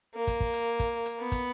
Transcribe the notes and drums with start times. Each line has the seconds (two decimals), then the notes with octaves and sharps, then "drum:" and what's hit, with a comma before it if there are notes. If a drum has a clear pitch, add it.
0.15 A#3
0.27 drum: kick, hi-hat
0.40 drum: kick
0.53 drum: hi-hat
0.80 drum: kick, hi-hat
1.06 drum: hi-hat
1.19 B3
1.32 drum: kick, hi-hat